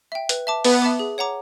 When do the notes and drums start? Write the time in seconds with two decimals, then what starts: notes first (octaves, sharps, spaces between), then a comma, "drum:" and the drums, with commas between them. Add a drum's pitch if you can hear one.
0.12 E5 G5
0.29 B4, drum: hi-hat
0.47 E5 A5 D6
0.64 B3 B4, drum: open hi-hat
0.82 E5 A5 D6
0.99 G#4
1.18 C#5 F#5 A#5 D6